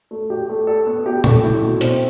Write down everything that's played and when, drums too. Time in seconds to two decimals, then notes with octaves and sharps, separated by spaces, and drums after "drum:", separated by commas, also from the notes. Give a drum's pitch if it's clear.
0.11 A3
0.30 G4
0.49 A3
0.67 A4
0.86 B3
1.06 G4
1.24 A3, drum: tom A#2
1.43 E4
1.63 B2
1.81 C4, drum: hi-hat